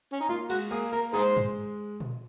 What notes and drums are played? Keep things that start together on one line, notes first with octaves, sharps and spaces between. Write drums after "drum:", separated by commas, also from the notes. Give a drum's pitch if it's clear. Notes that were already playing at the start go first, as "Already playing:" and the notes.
C#4
D#4
A#3 F4
G#3 F#4, drum: cymbal
A#3 G#4
A#3 A#4
G#3 D#4 G#4 C5
drum: tom G2
drum: tom A#2